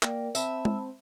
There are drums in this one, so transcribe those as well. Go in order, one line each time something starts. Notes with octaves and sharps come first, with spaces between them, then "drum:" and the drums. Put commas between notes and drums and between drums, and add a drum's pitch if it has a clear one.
A#3 A#4 D5 G5, drum: clap
C4 E5 A5 B5, drum: tambourine
drum: tom G#3